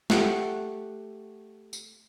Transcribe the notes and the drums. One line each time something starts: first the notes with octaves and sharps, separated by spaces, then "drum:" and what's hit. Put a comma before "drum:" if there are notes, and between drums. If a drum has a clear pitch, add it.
A3 G4 F#5, drum: snare
drum: tambourine